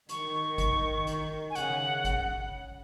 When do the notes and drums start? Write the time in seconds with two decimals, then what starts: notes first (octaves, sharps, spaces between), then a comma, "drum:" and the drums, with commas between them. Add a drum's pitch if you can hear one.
0.09 D#3 C#6, drum: hi-hat
0.58 drum: kick G#1, hi-hat
1.07 drum: hi-hat
1.50 G#5
1.55 C#3 F#5, drum: hi-hat
2.05 drum: kick G#1, hi-hat